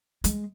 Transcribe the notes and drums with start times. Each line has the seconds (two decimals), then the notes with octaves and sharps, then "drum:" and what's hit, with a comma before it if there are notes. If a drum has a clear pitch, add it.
0.24 G#3, drum: hi-hat